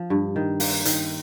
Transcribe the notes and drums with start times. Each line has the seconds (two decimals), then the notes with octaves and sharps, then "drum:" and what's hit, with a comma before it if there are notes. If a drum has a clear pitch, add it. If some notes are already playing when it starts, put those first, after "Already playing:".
Already playing: F3
0.10 G2
0.36 D#3
0.60 A#3, drum: open hi-hat
0.85 D#3, drum: hi-hat